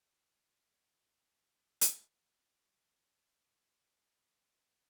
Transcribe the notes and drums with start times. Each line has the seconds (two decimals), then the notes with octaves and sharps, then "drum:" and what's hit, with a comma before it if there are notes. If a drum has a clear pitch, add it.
0.01 D5
0.18 E2
0.46 D#3
0.62 C#4
0.77 F#4
0.98 G4
1.11 G3
1.29 A#2
1.81 drum: hi-hat
3.03 G#3 A3 D#4 F#4